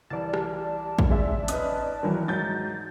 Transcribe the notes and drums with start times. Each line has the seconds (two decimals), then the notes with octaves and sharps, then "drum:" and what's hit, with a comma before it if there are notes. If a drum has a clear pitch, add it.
0.10 C2 E3 D5 A5
0.34 drum: rim click
0.99 drum: kick
1.10 G#3 E5
1.48 C#4 D#4 B4 D#6 F#6, drum: hi-hat
2.03 D#3 E3 F#3 A#4
2.28 G#2 F#3 G6 A6